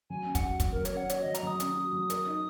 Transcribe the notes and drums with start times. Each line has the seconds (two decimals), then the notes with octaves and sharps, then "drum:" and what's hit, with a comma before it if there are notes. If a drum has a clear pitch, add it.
0.10 F#3 G#5
0.26 C#4 G#5
0.35 F#5, drum: kick, hi-hat
0.44 F#4
0.60 F#3, drum: kick, hi-hat
0.72 F#3 A#4
0.85 C#5, drum: hi-hat
0.93 C#4 F#5
1.09 F#4 C#5, drum: hi-hat
1.22 F#3 D#5
1.34 A#5, drum: hi-hat
1.43 F#3 D#6
1.60 C#4, drum: hi-hat
1.76 F#4
1.93 F#3
2.10 A#4, drum: hi-hat
2.27 D#4